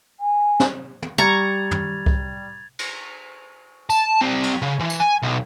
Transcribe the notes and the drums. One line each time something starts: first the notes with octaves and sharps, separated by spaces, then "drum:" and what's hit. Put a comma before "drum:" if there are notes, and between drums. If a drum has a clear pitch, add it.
G#5
drum: snare
drum: tom
G3 A#5 C#6 G#6 A6 F7
drum: tom
drum: kick C2
drum: cymbal
A5, drum: tambourine
G3 C4
drum: cymbal
C#3
E3
drum: tambourine
G#5
B1